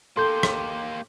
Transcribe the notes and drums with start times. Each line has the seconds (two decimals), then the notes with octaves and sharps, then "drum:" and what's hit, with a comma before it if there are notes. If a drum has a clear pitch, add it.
0.17 A#3 G4 A4 C6 G6
0.43 drum: rim click